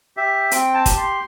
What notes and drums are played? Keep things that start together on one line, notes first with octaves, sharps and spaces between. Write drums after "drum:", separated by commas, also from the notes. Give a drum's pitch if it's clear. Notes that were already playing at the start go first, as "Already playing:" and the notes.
G4 E5
C4 G5, drum: hi-hat
A5
G4, drum: kick, hi-hat
C6